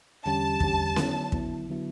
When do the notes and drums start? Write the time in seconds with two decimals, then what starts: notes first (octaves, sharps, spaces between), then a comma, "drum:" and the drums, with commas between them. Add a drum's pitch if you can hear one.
0.25 E2 D3 G3 C#4 G4 A5
0.60 E2 D3 G3 C#4 G4, drum: kick
0.96 D3 F#3 B3 E4, drum: snare C#4
1.32 D3 F#3 B3 E4, drum: kick
1.68 D3 F#3 B3 E4